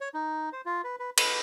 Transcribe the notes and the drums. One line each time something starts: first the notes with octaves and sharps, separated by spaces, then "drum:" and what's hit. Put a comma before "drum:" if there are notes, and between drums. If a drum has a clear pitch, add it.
C#5
D#4
C5
F4
B4
B4
B4, drum: cymbal